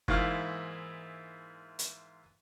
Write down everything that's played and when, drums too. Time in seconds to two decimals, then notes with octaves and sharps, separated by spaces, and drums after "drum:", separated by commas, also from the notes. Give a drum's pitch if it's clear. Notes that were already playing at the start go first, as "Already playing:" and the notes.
0.08 G#2 E3 A#3 E4 F4 F6, drum: kick
1.79 drum: hi-hat